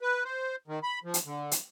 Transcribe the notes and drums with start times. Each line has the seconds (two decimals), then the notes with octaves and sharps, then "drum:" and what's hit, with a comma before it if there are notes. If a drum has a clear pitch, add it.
0.01 B4
0.25 C5
0.67 D#3
0.83 B5
1.04 F3
1.14 drum: hi-hat
1.25 D3
1.51 drum: hi-hat